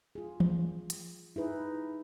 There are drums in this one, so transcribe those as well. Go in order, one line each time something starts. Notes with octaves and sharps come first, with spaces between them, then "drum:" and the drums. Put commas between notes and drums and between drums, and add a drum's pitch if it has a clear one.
F4 G#4
drum: tom E3
drum: hi-hat
D#4 E4 G#4 B4